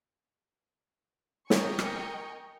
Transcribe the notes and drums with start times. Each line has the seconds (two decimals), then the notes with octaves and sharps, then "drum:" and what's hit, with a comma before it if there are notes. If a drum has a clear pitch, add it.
1.50 A#4 D#5 G5 G#5 C#6, drum: snare
1.79 drum: rim click